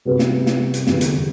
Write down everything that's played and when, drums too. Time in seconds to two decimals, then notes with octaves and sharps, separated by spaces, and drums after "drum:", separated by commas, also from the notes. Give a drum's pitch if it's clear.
0.05 C3 G3 B3 F#4 B4
0.19 drum: snare
0.46 drum: snare
0.74 drum: hi-hat
0.87 E2 D3 G3 B3, drum: snare
1.01 drum: hi-hat